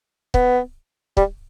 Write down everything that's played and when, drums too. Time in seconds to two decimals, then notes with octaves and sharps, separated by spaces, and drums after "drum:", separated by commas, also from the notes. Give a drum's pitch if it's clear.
0.34 B3, drum: kick
1.17 G3, drum: kick